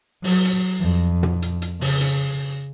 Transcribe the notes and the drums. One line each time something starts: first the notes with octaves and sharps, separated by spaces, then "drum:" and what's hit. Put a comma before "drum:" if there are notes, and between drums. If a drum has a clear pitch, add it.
F#3, drum: open hi-hat
drum: hi-hat
F2
drum: tom
drum: hi-hat
drum: hi-hat
C#3, drum: open hi-hat
drum: hi-hat